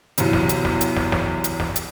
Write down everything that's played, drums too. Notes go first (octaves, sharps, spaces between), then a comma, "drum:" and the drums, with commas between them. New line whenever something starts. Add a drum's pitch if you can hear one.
B1 E2 C3, drum: hi-hat
drum: snare
drum: hi-hat
drum: snare
drum: hi-hat
drum: snare
drum: snare
drum: hi-hat
drum: snare
drum: hi-hat